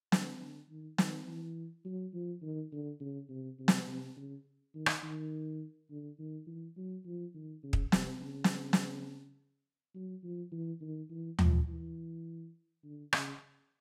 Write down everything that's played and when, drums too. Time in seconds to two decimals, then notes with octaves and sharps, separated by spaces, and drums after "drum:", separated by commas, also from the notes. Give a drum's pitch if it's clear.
0.12 D3, drum: snare
0.40 D3
0.69 D#3
0.98 D#3, drum: snare
1.27 E3
1.85 F#3
2.14 F3
2.42 D#3
2.72 D3
3.00 C#3
3.29 C3
3.59 C3
3.68 drum: snare
3.88 C3
4.16 C#3
4.75 D#3
4.86 drum: rim click
5.03 D#3
5.90 D3
6.19 D#3
6.47 E3
6.77 F#3
7.05 F3
7.34 D#3
7.63 C#3
7.73 drum: kick
7.92 C3, drum: snare
8.21 C#3
8.44 drum: snare
8.73 drum: snare
9.95 F#3
10.23 F3
10.52 E3
10.81 D#3
11.10 E3
11.39 F3, drum: tom D#2
11.68 E3
12.84 D3
13.13 C#3, drum: rim click